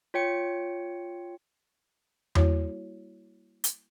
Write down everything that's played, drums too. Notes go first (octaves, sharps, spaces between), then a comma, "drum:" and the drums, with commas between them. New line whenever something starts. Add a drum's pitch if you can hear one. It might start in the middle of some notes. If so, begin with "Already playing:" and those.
F4 C#5 G5 C#7
G3 A#3 E4 F#4 C#5, drum: tom E2
drum: hi-hat